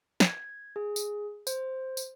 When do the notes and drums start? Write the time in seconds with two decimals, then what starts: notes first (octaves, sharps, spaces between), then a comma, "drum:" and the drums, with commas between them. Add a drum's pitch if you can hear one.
0.20 G#6, drum: snare
0.76 G#4
0.96 drum: tambourine
1.47 C5, drum: tambourine
1.97 drum: tambourine